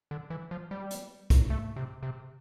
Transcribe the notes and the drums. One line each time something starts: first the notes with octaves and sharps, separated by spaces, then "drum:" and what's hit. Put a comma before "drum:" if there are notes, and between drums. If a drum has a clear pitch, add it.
D3
E3
F3
G3
drum: hi-hat
drum: kick, hi-hat
A3
C3
C3